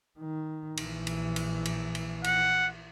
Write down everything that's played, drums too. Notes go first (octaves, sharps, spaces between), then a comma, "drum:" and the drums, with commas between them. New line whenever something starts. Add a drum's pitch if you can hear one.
D#3
A#1 E3, drum: cymbal
drum: cymbal
drum: cymbal
drum: cymbal
drum: cymbal
F#5, drum: cymbal